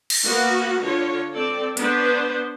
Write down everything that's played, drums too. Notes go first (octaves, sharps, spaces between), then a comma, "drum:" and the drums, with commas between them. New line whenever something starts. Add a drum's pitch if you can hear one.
drum: cymbal
A#3 B3 F#4
D3 F4 C#5
C4 A4 D5
B3 D4 B4 C5, drum: hi-hat